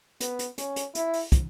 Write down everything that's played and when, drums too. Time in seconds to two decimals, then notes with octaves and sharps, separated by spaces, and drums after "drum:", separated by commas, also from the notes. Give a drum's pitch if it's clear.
0.20 B3, drum: hi-hat
0.39 drum: hi-hat
0.58 C#4, drum: hi-hat
0.76 drum: hi-hat
0.95 E4, drum: hi-hat
1.13 drum: open hi-hat
1.32 drum: kick, hi-hat